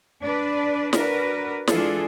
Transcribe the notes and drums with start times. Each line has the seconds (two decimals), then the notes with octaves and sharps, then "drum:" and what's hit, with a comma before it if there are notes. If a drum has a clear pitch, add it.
0.24 D4 B4 D5
0.93 D4 F#4 A#4 B4, drum: snare
1.67 E3 G#3 D4 F4 G#4 A4, drum: snare